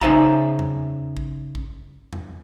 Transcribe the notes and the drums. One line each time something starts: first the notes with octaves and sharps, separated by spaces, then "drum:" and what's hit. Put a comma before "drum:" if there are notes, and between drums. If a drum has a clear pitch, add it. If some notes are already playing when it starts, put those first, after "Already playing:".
C#3 D#4 C5 E5 A5 A#5, drum: kick A1
drum: tom E2
drum: kick A1
drum: kick A1
drum: tom E2